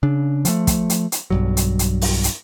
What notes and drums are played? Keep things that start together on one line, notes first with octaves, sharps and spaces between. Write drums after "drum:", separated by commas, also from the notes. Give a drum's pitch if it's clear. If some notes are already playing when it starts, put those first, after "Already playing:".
C#3 D4
F3 A3, drum: hi-hat
drum: kick, hi-hat
drum: hi-hat
drum: hi-hat
B1 G2 F#3
drum: hi-hat
drum: hi-hat
drum: open hi-hat
drum: hi-hat